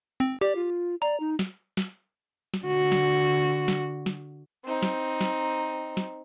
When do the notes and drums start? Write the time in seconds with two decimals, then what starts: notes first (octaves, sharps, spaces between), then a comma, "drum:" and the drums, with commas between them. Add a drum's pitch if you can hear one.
0.20 C4
0.41 G4 D5
0.56 F4
1.02 D5 A#5
1.20 D#4
1.39 drum: snare
1.77 drum: snare
2.54 drum: snare
2.64 D3 F#4
2.92 drum: snare
3.68 drum: snare
4.06 drum: snare
4.65 C4 D#4
4.83 drum: snare
5.21 drum: snare
5.97 drum: snare